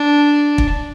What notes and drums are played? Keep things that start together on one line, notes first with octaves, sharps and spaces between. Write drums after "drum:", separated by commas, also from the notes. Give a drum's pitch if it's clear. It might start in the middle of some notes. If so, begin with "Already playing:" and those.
Already playing: D4
drum: kick